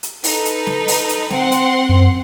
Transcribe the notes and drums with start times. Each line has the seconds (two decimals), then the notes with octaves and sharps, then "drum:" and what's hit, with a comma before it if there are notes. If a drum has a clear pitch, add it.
0.03 drum: hi-hat
0.24 D#4 A4 B4, drum: open hi-hat
0.45 drum: hi-hat
0.67 drum: snare
0.88 drum: open hi-hat
1.09 drum: hi-hat
1.30 C4 F#5 C6, drum: snare
1.52 drum: hi-hat
1.89 F#2